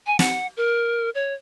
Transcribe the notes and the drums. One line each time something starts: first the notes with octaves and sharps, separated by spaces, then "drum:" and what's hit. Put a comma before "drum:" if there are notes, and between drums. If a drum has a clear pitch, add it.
G#5
F#5, drum: snare
A#4
C#5